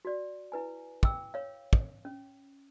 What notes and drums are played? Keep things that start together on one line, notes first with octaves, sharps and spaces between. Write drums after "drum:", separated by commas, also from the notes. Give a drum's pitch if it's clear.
F#4 D5
E4 B4 G#5
G5 D6 E6, drum: kick
C#5 F5
drum: kick
C#4